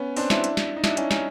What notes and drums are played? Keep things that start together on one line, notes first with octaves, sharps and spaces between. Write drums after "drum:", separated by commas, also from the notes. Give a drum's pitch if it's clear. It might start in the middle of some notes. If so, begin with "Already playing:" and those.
Already playing: B3 C#4
C4 D4, drum: open hi-hat
D4 E4, drum: snare
drum: hi-hat
drum: snare
D#4
D4 E4, drum: snare
C#4 D#4, drum: hi-hat
C#4 D#4, drum: snare